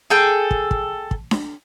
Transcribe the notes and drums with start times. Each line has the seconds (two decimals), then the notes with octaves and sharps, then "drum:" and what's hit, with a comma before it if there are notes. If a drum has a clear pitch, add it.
0.10 G#4 A4 G5
0.51 drum: kick
0.71 drum: kick
1.11 drum: kick
1.31 drum: snare D4